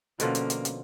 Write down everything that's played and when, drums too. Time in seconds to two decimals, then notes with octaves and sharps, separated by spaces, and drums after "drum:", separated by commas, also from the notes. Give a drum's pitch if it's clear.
0.20 B2 D3 F3 A#3 C#4, drum: hi-hat
0.35 drum: hi-hat
0.50 drum: hi-hat
0.65 drum: hi-hat